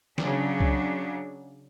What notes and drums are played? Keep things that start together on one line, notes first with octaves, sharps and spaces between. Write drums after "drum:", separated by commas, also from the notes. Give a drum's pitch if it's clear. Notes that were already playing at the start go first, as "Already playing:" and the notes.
C#3 F#3 D4, drum: snare
drum: kick C2